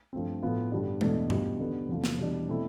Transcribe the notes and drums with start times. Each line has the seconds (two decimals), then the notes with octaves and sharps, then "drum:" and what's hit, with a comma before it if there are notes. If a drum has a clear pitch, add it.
0.13 G2 F3 A3 C4
0.42 A2 F3 B3 F4
0.72 G2 D3 G3 B3 D4
1.01 E2 B2 A3 D4, drum: tom G#3
1.30 B2 G3 B3 D4 F4, drum: tom G2
1.60 D3 G3 B3
1.89 E2 C3 F3 A3
2.04 drum: snare
2.18 E2 B2 G3 D4
2.48 B2 A3 C4 E4